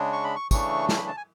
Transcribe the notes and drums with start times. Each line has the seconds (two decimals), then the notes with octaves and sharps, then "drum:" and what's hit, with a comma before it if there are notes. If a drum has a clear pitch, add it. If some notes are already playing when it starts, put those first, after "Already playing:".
Already playing: C#3 G#3 D4
0.13 C#6
0.24 B5
0.36 C#6
0.51 C#3 E3 A3 D4 C#6, drum: kick, tambourine
0.89 A5, drum: snare
0.98 B5
1.08 A5
1.17 G#5